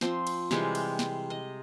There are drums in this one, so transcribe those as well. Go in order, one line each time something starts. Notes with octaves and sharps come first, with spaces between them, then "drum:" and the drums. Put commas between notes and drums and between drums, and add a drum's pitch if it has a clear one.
F3 C4 C6, drum: snare
drum: cymbal
C3 E3 G3 G#3, drum: snare
drum: cymbal
drum: snare
D#5